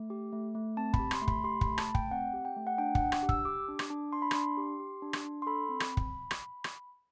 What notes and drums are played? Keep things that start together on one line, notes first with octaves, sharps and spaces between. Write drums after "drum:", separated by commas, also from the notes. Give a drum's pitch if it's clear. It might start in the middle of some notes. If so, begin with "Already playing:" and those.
Already playing: A3
G4
A3
A3
C4 A5
B5, drum: kick
G4
C6, drum: rim click
A3
B5, drum: kick
G4 C6
B5, drum: kick
A3
A5, drum: rim click
A3
G5, drum: kick
C4 F#5
G4
G5
A3
F#5
D4 G5
F#5, drum: kick
D4
drum: rim click
G4
E6, drum: kick
G4 D6
D4
drum: rim click
D4
D4 C6
B5
D4 C6, drum: rim click
G4
G4
D4
drum: rim click
D4
C6
A4 B5
C4
drum: rim click
drum: kick
drum: rim click
drum: rim click